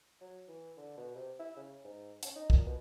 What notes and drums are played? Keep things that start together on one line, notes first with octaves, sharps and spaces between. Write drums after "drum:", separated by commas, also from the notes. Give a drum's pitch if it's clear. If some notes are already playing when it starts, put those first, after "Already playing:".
F#3
E3
D3
B2
C3
E4
C#3
G#2
C#4, drum: hi-hat
D#4
A#2, drum: kick
B2